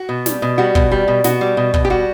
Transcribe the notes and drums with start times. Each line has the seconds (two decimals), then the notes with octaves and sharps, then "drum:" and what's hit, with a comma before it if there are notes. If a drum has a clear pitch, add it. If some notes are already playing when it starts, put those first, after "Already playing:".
Already playing: F#4
0.09 B2
0.26 G3, drum: snare
0.42 B2
0.58 G3 F#4
0.75 B2, drum: kick
0.92 G3
1.08 B2
1.24 B2 F#4, drum: snare
1.41 G3
1.57 B2
1.74 B2, drum: kick
1.85 G4
1.90 G3 F#4